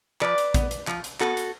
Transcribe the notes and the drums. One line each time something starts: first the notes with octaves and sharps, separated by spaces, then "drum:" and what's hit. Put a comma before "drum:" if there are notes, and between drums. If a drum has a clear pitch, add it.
F3 B4 D5, drum: clap
drum: hi-hat
B3, drum: kick, hi-hat
drum: hi-hat
F3, drum: clap
drum: hi-hat
B3 F#4 A4, drum: clap
drum: hi-hat